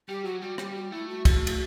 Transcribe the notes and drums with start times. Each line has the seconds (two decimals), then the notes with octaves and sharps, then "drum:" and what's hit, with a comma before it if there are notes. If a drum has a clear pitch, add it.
0.08 G3 G4
0.25 F#3 F#4
0.41 G3 F#4
0.58 G3 G4, drum: rim click
0.75 F#4
0.92 A3 E4
1.09 F#4
1.25 A3, drum: kick, cymbal
1.47 drum: cymbal